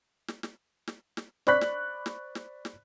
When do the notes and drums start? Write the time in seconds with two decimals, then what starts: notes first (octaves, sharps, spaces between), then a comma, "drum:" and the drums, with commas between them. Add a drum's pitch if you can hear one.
0.28 drum: snare
0.43 drum: snare
0.88 drum: snare
1.17 drum: snare
1.47 C5 D5 B5 C#6 F#6 B6, drum: snare
1.61 drum: snare
2.06 drum: snare
2.35 drum: snare
2.65 drum: snare